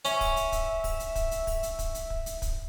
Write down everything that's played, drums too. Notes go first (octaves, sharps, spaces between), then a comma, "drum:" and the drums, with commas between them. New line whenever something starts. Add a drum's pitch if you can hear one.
C#4 E5, drum: hi-hat
drum: kick, open hi-hat
drum: hi-hat
drum: kick, hi-hat
drum: kick, open hi-hat
drum: hi-hat
drum: kick, hi-hat
drum: hi-hat
drum: kick, open hi-hat
drum: hi-hat
drum: kick, hi-hat
drum: hi-hat
drum: kick
drum: hi-hat
drum: kick, hi-hat